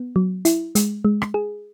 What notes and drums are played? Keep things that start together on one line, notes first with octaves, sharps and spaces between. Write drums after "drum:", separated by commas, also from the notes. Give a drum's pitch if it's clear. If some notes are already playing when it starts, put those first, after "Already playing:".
Already playing: B3
F#3
E4, drum: hi-hat
G#3, drum: hi-hat
G#3
drum: rim click
G#4